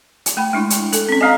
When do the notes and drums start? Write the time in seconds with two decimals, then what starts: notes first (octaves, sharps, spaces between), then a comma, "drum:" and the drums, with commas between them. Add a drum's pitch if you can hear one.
0.26 drum: hi-hat
0.37 A3 G5 B5
0.53 G#3 D4 E4
0.70 drum: hi-hat
0.93 A4, drum: hi-hat
1.09 C4 C#4
1.21 D#5 F5 G#5 A#5